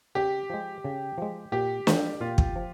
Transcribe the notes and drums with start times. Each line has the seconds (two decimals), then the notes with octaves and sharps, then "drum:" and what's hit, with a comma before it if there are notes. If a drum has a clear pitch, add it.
0.15 C#3 G4
0.50 F3 G#3
0.84 C#3
1.18 F3 G#3
1.52 A#2 G4
1.87 F3 G#3, drum: snare
2.21 A#2 F4
2.38 drum: kick
2.56 F3